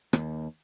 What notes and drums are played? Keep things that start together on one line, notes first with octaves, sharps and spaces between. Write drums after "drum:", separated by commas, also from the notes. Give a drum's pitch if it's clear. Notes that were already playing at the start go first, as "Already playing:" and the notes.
D#2, drum: rim click